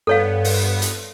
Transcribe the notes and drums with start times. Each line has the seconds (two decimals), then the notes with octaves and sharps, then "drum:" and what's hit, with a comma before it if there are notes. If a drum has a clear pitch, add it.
0.07 G2 B3 A4 C#5 F5
0.45 drum: open hi-hat
0.82 drum: hi-hat